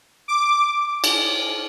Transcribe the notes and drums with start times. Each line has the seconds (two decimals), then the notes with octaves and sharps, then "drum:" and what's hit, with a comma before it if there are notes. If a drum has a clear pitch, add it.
0.28 D6
1.04 drum: cymbal